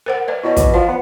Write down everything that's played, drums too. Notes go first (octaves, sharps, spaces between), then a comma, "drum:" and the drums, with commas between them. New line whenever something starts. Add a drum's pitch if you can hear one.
A#4 C5 F#5
B4 D5
B2 E4 C#5
E3, drum: kick, hi-hat
F3 D5
B3